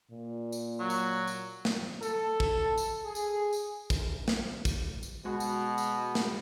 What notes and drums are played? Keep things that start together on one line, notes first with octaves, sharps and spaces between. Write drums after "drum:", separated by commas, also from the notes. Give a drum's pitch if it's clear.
A#2
drum: tambourine
F#3
drum: tambourine
drum: tambourine
drum: snare
A4, drum: tambourine
drum: kick
drum: tambourine
G#4
drum: tambourine
drum: tambourine
drum: kick, tambourine
drum: snare
drum: kick, tambourine
drum: tambourine
B2 G#3 F#4
drum: tambourine
drum: tambourine
drum: snare